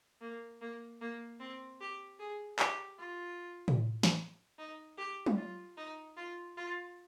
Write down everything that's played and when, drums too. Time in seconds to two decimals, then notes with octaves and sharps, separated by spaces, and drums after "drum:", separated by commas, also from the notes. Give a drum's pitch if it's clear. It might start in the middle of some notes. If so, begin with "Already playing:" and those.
0.21 A#3
0.61 A#3
1.01 A#3
1.40 C4
1.81 G4
2.20 G#4
2.59 G4, drum: clap
2.99 F4
3.68 drum: tom A2
4.03 drum: snare
4.59 D#4
4.98 G4
5.26 drum: tom F#3
5.37 F4
5.77 D#4
6.17 F4
6.57 F4